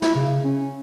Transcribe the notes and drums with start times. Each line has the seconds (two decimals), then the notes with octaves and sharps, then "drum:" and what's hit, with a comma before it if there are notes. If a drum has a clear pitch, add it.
0.02 E4, drum: snare
0.15 C#3
0.44 C#4